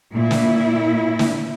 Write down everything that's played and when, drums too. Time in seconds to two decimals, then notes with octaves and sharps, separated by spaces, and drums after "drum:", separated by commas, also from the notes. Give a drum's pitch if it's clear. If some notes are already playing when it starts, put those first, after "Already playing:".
0.13 A#2 E4
0.31 drum: snare
1.19 drum: snare